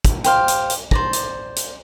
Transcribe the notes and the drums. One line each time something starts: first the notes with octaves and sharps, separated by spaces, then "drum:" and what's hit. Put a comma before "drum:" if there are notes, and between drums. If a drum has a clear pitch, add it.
drum: kick, hi-hat
G4 C5 F5, drum: hi-hat
drum: hi-hat
drum: hi-hat
C5 D5 A#5, drum: kick
drum: hi-hat
drum: hi-hat